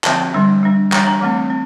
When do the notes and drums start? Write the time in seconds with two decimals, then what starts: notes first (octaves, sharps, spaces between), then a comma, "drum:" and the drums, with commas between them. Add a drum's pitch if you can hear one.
0.04 D3 F3 C4 A5, drum: clap
0.34 D3 G3 D4
0.63 G3 D4
0.92 E3 G3 D4 A#5, drum: clap
1.07 A#5
1.21 E3 A3 C4
1.50 C4